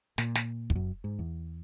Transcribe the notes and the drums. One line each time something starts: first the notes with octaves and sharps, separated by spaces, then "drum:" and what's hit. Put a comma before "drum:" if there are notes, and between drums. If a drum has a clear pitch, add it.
A#2, drum: snare
drum: snare
E2, drum: kick
F#2
G#2
E2